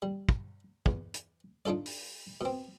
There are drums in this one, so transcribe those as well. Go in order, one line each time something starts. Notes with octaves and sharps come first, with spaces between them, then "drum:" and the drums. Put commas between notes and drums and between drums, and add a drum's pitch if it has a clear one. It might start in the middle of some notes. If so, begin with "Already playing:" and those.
G3
drum: kick
E2, drum: kick
drum: hi-hat
D4 D#4 F4 A4 D5
drum: open hi-hat
B2 C4